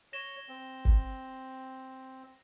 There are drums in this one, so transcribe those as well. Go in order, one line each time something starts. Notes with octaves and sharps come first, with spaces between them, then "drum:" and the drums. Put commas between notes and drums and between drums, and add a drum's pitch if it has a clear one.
C#5 A#6 E7 G7
C4
drum: kick G1